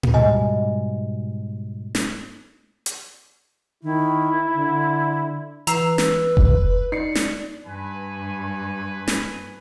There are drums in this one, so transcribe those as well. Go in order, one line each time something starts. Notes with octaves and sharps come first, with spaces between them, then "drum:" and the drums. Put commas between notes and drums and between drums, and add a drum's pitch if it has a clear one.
drum: tom A2
G#2 B2 G3 D#5 G#5
drum: snare
drum: hi-hat
D#3 E4
D3
E3 B4 A#5 E6 C7, drum: hi-hat
drum: snare
drum: kick F1
D#4 D5 C7 C#7
drum: snare
G2 B4 G#5
drum: snare